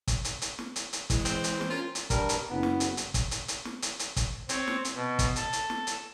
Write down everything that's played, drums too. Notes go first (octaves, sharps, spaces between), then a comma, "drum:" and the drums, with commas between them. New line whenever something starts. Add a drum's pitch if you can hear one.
drum: kick, hi-hat
drum: hi-hat
drum: hi-hat
drum: snare
drum: hi-hat
drum: hi-hat
E3 G#3, drum: kick, hi-hat
C4, drum: hi-hat
drum: hi-hat
drum: snare
C#4 F4 A#4
drum: hi-hat
G2 G3 A#4, drum: kick, hi-hat
drum: hi-hat
F#1 B3
drum: snare
drum: hi-hat
drum: hi-hat
drum: kick, hi-hat
drum: hi-hat
drum: hi-hat
drum: snare
drum: hi-hat
drum: hi-hat
drum: kick, hi-hat
C4 C#5, drum: hi-hat
drum: snare
drum: hi-hat
B2
drum: kick, hi-hat
A4, drum: hi-hat
drum: hi-hat
drum: snare
drum: hi-hat